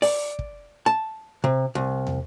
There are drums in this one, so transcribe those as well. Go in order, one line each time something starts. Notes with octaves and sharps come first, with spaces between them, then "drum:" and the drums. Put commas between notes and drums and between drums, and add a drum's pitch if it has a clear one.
D5, drum: open hi-hat
drum: kick
A5
C3
C2
drum: tom